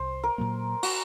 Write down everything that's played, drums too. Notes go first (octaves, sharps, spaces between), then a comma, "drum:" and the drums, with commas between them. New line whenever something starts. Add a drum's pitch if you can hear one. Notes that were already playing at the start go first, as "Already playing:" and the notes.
Already playing: C2 C5
A#4
A#2 F#3 A#3
F#4, drum: open hi-hat